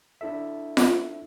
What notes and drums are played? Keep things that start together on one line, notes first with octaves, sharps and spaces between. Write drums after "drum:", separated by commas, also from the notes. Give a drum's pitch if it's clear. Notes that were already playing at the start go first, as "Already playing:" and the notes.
D4 E4 A4 E5
drum: snare F4